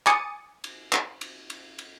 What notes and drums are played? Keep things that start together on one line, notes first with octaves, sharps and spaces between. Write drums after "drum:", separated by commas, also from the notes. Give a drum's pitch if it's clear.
G#5 D6 D#6 A6 C#7 D#7, drum: clap
drum: cymbal
drum: clap
drum: cymbal
drum: cymbal
drum: cymbal